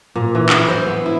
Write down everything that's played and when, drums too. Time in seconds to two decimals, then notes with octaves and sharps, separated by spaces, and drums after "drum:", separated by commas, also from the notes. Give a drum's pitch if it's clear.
0.15 A#2
0.35 E3
0.49 E4, drum: clap
0.68 C5
0.86 B3
1.06 E4